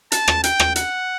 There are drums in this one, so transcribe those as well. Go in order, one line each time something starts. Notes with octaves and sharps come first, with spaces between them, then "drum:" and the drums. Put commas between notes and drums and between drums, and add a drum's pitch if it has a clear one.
A5, drum: hi-hat
drum: rim click
G5, drum: hi-hat
drum: rim click
F#5, drum: hi-hat